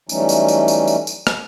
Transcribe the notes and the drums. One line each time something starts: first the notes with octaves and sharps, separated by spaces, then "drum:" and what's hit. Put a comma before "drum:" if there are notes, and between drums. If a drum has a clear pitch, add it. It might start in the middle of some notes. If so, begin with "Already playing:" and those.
E3 F#3 G3 A3 C#4 D#4, drum: tambourine
drum: tambourine
drum: tambourine
drum: tambourine
drum: tambourine
drum: tambourine
drum: rim click